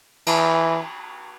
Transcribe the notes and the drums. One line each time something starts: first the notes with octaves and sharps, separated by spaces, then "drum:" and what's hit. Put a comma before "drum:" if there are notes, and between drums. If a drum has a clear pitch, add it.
E3, drum: cymbal